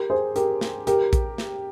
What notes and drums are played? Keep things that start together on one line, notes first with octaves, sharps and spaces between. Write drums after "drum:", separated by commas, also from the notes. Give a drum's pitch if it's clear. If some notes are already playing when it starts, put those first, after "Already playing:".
Already playing: G4 A#4
G#4 C5
G4 A#4, drum: hi-hat
drum: snare
G4 A#4, drum: hi-hat
drum: kick A#1, hi-hat
drum: snare